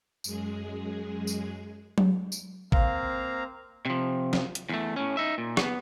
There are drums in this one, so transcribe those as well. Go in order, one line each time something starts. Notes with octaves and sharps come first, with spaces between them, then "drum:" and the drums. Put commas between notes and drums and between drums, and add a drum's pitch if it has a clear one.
F#2 G#3 G#4, drum: tambourine
drum: tambourine
drum: tom F#3
drum: tambourine
A#3 C4 F5 A#5, drum: kick
C3 F3
drum: snare
drum: hi-hat
E2 A3
A2 C#4
D#4 E5
A#2
B3, drum: rim click